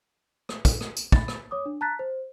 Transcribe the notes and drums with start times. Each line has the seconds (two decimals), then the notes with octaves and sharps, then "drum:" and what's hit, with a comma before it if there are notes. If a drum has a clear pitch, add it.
0.49 drum: rim click
0.65 drum: kick, tambourine
0.81 drum: rim click
0.97 drum: tambourine
1.12 B5 A6, drum: kick
1.28 drum: rim click
1.51 C#5 D6 D#6
1.66 D4
1.81 A5 A#5 F#6 A6 B6
1.99 C5